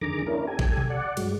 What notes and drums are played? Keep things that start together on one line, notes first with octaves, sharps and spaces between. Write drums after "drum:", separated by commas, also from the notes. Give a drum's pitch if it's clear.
F2 D3 D#3 G#4 A#5 D6
A#3 C#4 D4 E4 A#4
G4 A4 G#5
drum: kick
drum: tom B2
D5 F#5
G2 F#3 G#3, drum: cymbal